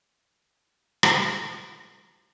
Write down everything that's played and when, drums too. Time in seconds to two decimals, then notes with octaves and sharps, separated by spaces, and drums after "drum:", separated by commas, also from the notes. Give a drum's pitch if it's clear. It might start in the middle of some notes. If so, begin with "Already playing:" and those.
0.17 B3
1.03 drum: rim click
1.18 E3
1.72 C5